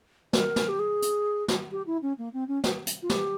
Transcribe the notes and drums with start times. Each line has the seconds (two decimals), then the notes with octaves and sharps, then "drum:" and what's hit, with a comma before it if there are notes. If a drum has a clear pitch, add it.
0.33 A#4, drum: snare
0.56 drum: snare
0.68 G4
0.79 G#4
1.02 drum: hi-hat
1.48 drum: snare
1.71 G4
1.86 E4
2.02 C#4
2.18 A#3
2.33 C4
2.48 C#4
2.64 drum: snare
2.87 drum: hi-hat
3.02 F4
3.09 G4, drum: snare